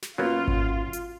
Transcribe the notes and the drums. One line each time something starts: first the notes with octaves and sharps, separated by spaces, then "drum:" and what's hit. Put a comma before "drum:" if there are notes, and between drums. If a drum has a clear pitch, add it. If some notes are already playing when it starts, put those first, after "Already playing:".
drum: snare
F#2 F#3 A#3 B3 F4
drum: kick G#1
drum: hi-hat